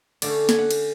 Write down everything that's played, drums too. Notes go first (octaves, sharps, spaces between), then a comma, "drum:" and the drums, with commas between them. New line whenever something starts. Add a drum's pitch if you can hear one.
D3 A3 C#4 D5, drum: cymbal
G#5, drum: snare
F#5
drum: cymbal